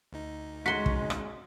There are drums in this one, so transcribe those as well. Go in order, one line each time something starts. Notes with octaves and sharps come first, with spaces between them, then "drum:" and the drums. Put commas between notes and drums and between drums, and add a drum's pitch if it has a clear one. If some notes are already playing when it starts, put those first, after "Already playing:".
D2 D#4
G#3 C#4 F#4 C6 B6
drum: kick
drum: rim click